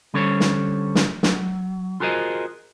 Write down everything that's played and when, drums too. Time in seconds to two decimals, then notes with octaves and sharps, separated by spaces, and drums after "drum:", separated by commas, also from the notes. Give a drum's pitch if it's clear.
0.14 D3 G3 C#4 A4 C5 C#5
0.40 drum: snare
0.95 drum: snare
1.23 F#3, drum: snare
2.00 F4 F#4 G#4 A#4 C5 D#5